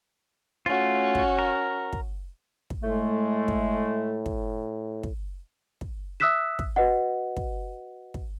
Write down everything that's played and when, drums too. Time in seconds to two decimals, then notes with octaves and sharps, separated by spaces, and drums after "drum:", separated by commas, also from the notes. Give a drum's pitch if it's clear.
0.66 A3 C#4 F4 F#4
1.15 drum: kick
1.39 A#4
1.93 drum: kick
2.70 drum: kick
2.83 A2 G#3 A3
3.48 drum: kick
4.26 drum: kick
5.03 drum: kick
5.81 drum: kick
6.20 E5 D#6 E6 F#6 B6 E7
6.59 drum: kick
6.76 F#4 B4 D#5 F#5
7.37 drum: kick
8.14 drum: kick